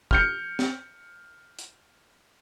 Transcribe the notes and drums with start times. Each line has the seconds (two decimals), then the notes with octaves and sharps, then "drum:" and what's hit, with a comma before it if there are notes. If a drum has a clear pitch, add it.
0.11 F6 G6 C#7, drum: kick
0.59 drum: snare
1.59 drum: hi-hat